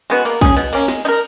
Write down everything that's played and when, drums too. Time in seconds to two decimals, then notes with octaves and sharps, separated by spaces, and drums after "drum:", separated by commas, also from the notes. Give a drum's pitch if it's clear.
0.10 G#3 B3 F#4
0.25 A#3, drum: cymbal
0.41 C#4 G#4, drum: kick, cymbal
0.57 B2, drum: cymbal
0.73 A#3 C#4, drum: cymbal
0.88 G#3, drum: snare
1.05 D#4, drum: cymbal
1.08 A#4